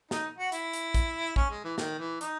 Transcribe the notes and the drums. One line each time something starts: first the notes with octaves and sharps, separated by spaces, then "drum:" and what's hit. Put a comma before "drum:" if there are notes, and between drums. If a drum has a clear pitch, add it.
D#4, drum: snare
F#4
E4, drum: hi-hat
drum: hi-hat
drum: kick, hi-hat
C#4, drum: kick
G#3
E3
D#3, drum: snare
E3
D#4, drum: hi-hat